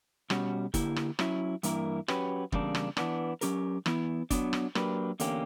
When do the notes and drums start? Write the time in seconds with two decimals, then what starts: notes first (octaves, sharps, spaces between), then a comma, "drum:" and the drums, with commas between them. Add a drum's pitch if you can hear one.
0.30 B2 G3 C#4 F#4, drum: rim click
0.74 D3 A#3 E4 G4, drum: kick, hi-hat
0.96 drum: rim click
1.19 F#3 C#4 E4, drum: rim click
1.63 G2 E3 A#3 E4 A#4, drum: hi-hat
2.08 F#3 C#4 G4 B4, drum: rim click
2.52 E2 C#3 G3 A#3 D4, drum: kick
2.75 drum: rim click
2.97 E3 B3 D4, drum: rim click
3.41 F#3 C#4 G4 A#4, drum: hi-hat
3.86 E3 B3 E4, drum: rim click
4.30 F#3 B3 D4, drum: kick, hi-hat
4.53 drum: rim click
4.75 F#3 A#3 D4 G4 B4, drum: rim click
5.20 E2 D3 A#3 C#4 G4, drum: hi-hat